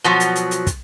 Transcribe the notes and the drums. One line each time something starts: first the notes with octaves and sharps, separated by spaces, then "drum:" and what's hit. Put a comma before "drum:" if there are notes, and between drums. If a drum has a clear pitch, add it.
B2 F3 F#3
drum: hi-hat
drum: hi-hat
drum: hi-hat
drum: kick, hi-hat